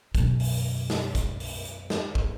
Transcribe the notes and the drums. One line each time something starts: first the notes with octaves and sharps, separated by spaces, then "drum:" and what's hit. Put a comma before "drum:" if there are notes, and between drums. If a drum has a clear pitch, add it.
F#2 B2, drum: kick, hi-hat
drum: open hi-hat
drum: snare
drum: kick, hi-hat
drum: open hi-hat
drum: hi-hat
drum: snare
drum: kick